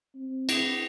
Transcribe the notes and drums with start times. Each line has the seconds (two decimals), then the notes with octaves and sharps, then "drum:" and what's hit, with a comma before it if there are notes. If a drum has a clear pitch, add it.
0.14 C4
0.49 D4 E4 G#4 D#6 A#6 D7 F7, drum: cymbal